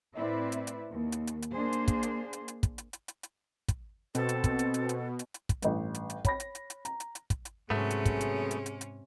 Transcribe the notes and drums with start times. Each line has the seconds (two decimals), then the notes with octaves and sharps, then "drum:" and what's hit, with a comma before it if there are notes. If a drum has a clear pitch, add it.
0.16 A2 C4 E4 B4 D5 E5
0.52 drum: hi-hat
0.67 drum: hi-hat
0.90 D#2
1.12 drum: hi-hat
1.27 drum: hi-hat
1.42 drum: hi-hat
1.53 A#3 D4 G#4 C5
1.73 drum: hi-hat
1.88 drum: kick, hi-hat
2.03 drum: hi-hat
2.33 drum: hi-hat
2.48 drum: hi-hat
2.63 drum: kick, hi-hat
2.78 drum: hi-hat
2.93 drum: hi-hat
3.08 drum: hi-hat
3.23 drum: hi-hat
3.68 drum: kick, hi-hat
4.15 B2 C4 A4, drum: hi-hat
4.29 drum: hi-hat
4.44 drum: kick, hi-hat
4.59 drum: hi-hat
4.74 drum: hi-hat
4.89 drum: hi-hat
5.19 drum: hi-hat
5.34 drum: hi-hat
5.49 drum: kick, hi-hat
5.62 A1 G2, drum: hi-hat
5.95 drum: hi-hat
6.10 drum: hi-hat
6.25 C#5 B5 A#6, drum: kick, hi-hat
6.40 drum: hi-hat
6.55 drum: hi-hat
6.70 drum: hi-hat
6.85 A#5, drum: hi-hat
7.00 drum: hi-hat
7.15 drum: hi-hat
7.30 drum: kick, hi-hat
7.45 drum: hi-hat
7.70 G#2 C3 F#3 A3 B3 C#4 G#4
7.90 drum: hi-hat
8.06 drum: kick, hi-hat
8.21 drum: hi-hat
8.51 drum: hi-hat
8.66 drum: hi-hat
8.81 drum: hi-hat